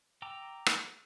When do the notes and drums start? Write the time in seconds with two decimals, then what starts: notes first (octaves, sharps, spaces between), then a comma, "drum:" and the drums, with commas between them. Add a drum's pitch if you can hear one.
0.22 G5 A#5 D6 E6
0.66 drum: rim click